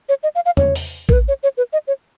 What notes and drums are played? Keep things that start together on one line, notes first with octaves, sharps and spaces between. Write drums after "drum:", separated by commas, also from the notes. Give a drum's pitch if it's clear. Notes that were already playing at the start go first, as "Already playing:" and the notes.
C#5
D#5
F5
F5
C#5, drum: tom E2
drum: open hi-hat
A#4, drum: kick
B4
C#5
C#5
B4
D#5
C#5